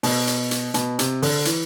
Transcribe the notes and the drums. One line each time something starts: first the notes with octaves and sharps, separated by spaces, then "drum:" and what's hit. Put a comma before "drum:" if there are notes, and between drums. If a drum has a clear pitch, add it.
B2, drum: open hi-hat
drum: hi-hat
drum: hi-hat
B2, drum: hi-hat
C3, drum: hi-hat
D3, drum: open hi-hat
E3, drum: hi-hat